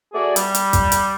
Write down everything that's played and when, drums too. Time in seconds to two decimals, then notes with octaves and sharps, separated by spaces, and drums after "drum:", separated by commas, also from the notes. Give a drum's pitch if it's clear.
0.13 A3 F#4 G#4 D5
0.36 G3, drum: hi-hat
0.55 drum: hi-hat
0.73 drum: kick, hi-hat
0.92 drum: hi-hat